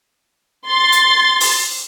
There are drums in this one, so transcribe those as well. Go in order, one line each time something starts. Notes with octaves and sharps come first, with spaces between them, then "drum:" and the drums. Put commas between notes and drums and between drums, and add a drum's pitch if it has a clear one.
C6 A6
drum: hi-hat
drum: open hi-hat